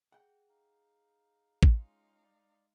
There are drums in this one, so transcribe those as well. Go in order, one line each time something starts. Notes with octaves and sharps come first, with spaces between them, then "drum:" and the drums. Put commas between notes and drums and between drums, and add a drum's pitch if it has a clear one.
G#4 F#5 G5
D#4 F5
G#3 C#4 D#4 F4 F5, drum: kick A1
D5